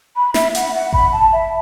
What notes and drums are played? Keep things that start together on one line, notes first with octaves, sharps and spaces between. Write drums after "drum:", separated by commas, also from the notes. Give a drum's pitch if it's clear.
B5
E5, drum: snare
F#5, drum: hi-hat
F#5
B5, drum: kick G#1
A5
E5